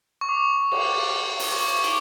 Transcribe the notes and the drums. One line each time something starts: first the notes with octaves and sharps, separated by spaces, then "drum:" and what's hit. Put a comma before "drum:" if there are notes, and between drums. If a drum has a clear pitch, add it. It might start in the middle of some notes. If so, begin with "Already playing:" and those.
C#6
D6
drum: cymbal
drum: open hi-hat
C#6
D6, drum: cymbal